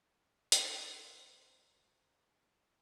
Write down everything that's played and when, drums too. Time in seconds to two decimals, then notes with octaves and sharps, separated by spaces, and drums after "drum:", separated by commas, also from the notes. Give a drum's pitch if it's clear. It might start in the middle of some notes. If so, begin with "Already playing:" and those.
0.52 A#4 C5, drum: hi-hat